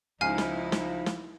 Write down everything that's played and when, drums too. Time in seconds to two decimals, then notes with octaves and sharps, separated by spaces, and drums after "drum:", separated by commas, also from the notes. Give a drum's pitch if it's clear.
0.21 C#2 F3 D#4 E4 G#5 F6 C7
0.38 drum: snare
0.72 drum: snare
1.06 drum: snare